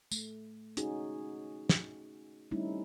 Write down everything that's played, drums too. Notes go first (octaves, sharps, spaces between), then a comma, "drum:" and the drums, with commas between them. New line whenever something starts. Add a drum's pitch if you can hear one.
A3, drum: tambourine
C#4 D#4 F#4 G#4, drum: hi-hat
drum: snare
G3 A3 C4 C#4 D#4 E4